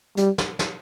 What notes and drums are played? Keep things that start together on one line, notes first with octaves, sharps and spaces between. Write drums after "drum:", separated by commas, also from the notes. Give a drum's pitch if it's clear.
G3, drum: hi-hat
drum: snare
drum: snare